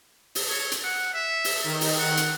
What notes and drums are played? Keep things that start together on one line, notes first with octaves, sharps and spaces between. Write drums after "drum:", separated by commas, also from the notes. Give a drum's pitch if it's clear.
drum: open hi-hat
C#5
drum: hi-hat
F#5
E5
drum: open hi-hat
D#3
drum: open hi-hat
F#5
drum: hi-hat